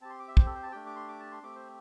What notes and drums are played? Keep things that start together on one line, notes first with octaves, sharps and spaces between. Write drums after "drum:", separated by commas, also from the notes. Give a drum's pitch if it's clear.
C4 G4 A5
C6
D6
E5
C5, drum: kick
A4
C5
A5
A3 D4 G4 G5
D6
C6
D6
A5
C6
A3 C4 G4 D6
C5